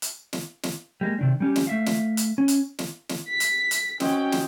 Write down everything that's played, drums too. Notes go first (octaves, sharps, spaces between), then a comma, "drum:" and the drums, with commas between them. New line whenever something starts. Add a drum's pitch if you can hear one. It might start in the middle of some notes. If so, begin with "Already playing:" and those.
drum: hi-hat
drum: snare
drum: snare
G3 G#3 A#3
C3 D#3 D4
G3 C#4 G4
drum: snare
A3 E5 F5
drum: snare
drum: hi-hat
C#4
drum: hi-hat
drum: snare
drum: snare
B6
drum: hi-hat
drum: hi-hat
C4 C#4 F#4 D#5 G5, drum: snare
drum: snare